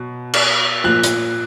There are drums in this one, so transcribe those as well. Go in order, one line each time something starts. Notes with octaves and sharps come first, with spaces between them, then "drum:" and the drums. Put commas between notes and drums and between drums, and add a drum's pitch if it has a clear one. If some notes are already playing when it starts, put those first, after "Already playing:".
Already playing: B2 F#3
drum: cymbal
A#2 F3 F#6
drum: hi-hat